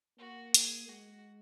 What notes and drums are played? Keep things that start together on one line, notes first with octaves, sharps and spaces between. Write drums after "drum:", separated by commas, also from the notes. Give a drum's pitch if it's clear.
A#3 F#4
G#4, drum: hi-hat
G#3 F#4